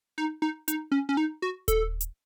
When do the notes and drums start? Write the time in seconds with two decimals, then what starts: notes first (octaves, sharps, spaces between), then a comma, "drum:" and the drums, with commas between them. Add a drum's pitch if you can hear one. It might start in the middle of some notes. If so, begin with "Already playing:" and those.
0.18 D#4
0.42 D#4
0.68 D#4, drum: hi-hat
0.92 C#4
1.09 C#4
1.17 D#4
1.42 F#4
1.68 A4, drum: kick D#1, hi-hat
2.01 drum: hi-hat